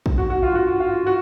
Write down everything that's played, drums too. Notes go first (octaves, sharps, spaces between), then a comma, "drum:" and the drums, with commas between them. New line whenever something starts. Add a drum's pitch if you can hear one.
drum: kick
F#4
F#4
F4
F#4
F4
F#4